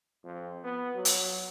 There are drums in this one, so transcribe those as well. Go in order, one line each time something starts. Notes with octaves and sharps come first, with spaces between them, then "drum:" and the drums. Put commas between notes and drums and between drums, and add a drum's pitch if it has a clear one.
F2
B3
F#3
drum: hi-hat